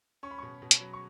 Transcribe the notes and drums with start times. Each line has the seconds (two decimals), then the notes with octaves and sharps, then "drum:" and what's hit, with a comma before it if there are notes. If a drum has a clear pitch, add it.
0.23 C#4 C#6
0.31 B5
0.38 B2 C#6
0.62 B2
0.71 drum: hi-hat
0.81 F#3
0.93 C#6